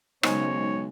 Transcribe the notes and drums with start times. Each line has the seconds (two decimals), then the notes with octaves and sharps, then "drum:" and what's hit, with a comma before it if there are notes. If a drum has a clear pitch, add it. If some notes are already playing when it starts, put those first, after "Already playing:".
0.23 B1 C#3 G#3 D#4 C5 C#5 G#5, drum: rim click